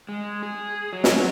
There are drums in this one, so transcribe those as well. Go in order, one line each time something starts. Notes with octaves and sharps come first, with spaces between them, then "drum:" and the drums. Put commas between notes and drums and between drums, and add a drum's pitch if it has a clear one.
G#3
G#4
F#3
drum: snare